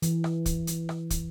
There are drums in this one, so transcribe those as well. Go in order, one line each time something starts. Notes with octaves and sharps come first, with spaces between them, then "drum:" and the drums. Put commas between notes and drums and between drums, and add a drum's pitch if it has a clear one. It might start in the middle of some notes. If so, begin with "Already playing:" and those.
E3, drum: hi-hat
drum: rim click
drum: kick, hi-hat
drum: hi-hat
drum: rim click
drum: kick, hi-hat